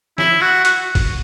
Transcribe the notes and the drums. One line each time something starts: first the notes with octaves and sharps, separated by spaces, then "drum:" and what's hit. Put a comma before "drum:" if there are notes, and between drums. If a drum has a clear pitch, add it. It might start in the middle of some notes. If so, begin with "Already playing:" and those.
E4, drum: snare
F#4
F#4, drum: hi-hat
drum: kick, open hi-hat